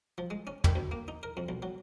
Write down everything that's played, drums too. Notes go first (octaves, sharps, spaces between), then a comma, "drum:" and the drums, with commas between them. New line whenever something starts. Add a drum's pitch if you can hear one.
F3
G#3
C#4
D#3, drum: tom
D2
A#3
D#4
A#4
F2
B1
F#3